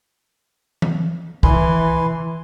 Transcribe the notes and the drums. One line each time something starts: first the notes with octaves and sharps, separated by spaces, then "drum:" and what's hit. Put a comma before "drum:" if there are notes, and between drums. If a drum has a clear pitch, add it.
drum: tom E3
E3 B4 G#5 C6, drum: kick